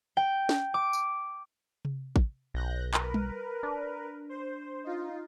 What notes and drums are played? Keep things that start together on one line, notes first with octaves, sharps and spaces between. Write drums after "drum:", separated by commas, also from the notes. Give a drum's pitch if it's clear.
G5
drum: snare
D6
drum: tambourine
drum: tom C3
drum: kick A1
B1 F#6 G6 A#6
A#4 B4, drum: clap
drum: tom G3
D4
C5
D#4 F4